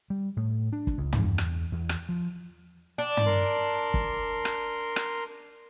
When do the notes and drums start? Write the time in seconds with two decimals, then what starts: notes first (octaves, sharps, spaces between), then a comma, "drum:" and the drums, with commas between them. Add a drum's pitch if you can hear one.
0.10 G3
0.37 A2
0.73 D4
0.87 drum: kick
0.98 C#2
1.13 drum: tom
1.23 E2
1.38 drum: rim click
1.72 E2
1.89 drum: rim click
2.09 F3
2.98 D4
3.17 drum: tom
3.26 A#4 C6
3.94 drum: kick
4.45 drum: rim click
4.96 drum: rim click